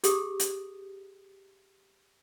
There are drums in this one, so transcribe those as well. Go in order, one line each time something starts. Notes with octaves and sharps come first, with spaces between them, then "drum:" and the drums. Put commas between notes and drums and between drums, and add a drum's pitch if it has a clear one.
G4 G#4 D#6, drum: hi-hat
drum: hi-hat